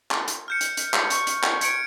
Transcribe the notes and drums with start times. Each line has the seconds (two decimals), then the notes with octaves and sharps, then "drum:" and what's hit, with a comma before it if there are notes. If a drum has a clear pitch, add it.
0.11 drum: clap
0.28 drum: hi-hat
0.48 F6 G6 C#7
0.61 drum: hi-hat
0.77 drum: hi-hat
0.94 drum: clap
1.10 C#6, drum: hi-hat
1.27 drum: hi-hat
1.43 drum: clap
1.61 G#6 C#7 D7, drum: hi-hat